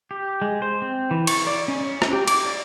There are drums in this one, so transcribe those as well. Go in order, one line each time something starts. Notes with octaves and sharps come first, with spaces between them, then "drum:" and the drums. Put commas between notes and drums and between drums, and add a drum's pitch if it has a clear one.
G4
G#3
C5
C4
E3
C#6, drum: cymbal
D5
C#4
C#4
drum: rim click
G4
D6, drum: cymbal
D5